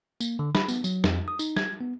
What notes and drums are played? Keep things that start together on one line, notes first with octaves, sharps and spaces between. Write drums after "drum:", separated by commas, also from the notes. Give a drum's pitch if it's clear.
A#3, drum: tambourine
D3
B5, drum: snare
B3, drum: tambourine
F#3, drum: tambourine
F2, drum: snare
D#6
D#4, drum: tambourine
G#6, drum: snare
B3